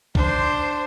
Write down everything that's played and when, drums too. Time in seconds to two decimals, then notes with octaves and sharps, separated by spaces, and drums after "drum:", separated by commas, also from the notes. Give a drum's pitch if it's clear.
0.15 D4 C5, drum: kick B1